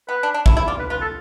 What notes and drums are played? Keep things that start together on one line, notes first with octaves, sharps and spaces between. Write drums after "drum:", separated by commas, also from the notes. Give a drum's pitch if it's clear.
B3 B4
D4
D4
E4, drum: kick
E4
F4 D5
B4
F4 B4
A4